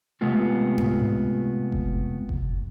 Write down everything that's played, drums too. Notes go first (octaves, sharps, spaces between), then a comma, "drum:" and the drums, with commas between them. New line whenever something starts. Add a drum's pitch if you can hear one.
C3 G#3 A3 B3 F4
drum: tom G#2
drum: kick F#1
drum: kick F#1